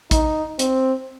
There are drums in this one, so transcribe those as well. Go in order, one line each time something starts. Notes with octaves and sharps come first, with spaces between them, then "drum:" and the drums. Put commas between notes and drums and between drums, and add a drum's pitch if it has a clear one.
D#4, drum: kick, hi-hat
C4, drum: hi-hat